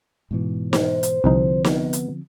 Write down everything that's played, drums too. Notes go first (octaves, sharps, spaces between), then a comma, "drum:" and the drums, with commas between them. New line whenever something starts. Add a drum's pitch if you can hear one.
G#2 B2 E3
C5, drum: snare
drum: hi-hat
C2 D3 F3 C4 D#4
B3, drum: snare
drum: hi-hat